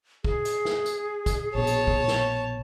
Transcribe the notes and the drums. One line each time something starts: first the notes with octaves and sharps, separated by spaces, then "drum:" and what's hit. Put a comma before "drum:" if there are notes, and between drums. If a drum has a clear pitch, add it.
G#4, drum: kick
drum: hi-hat
drum: snare
drum: hi-hat
drum: kick, hi-hat
A#1 B2 C#5 A5
drum: hi-hat
drum: kick
drum: snare